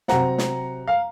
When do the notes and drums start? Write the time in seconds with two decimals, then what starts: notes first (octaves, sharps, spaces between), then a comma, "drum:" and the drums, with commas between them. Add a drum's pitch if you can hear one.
0.08 C3 F#3 C4 F#5 A#5, drum: snare
0.38 drum: snare
0.88 F5